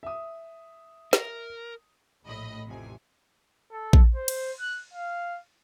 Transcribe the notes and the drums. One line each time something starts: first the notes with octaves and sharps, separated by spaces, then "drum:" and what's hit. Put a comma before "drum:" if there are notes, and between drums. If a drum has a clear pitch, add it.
E5 D#6
A#4, drum: snare
A#1 A2 D#5 B5
A1 F2 C3 G#5
A4
drum: kick A#1
C5
drum: cymbal
F#6
F5